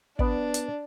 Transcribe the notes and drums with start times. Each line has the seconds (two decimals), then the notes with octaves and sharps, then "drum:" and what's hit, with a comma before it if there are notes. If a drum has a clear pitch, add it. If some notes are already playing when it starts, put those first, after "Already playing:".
0.19 B3 D4 D5, drum: kick
0.54 drum: hi-hat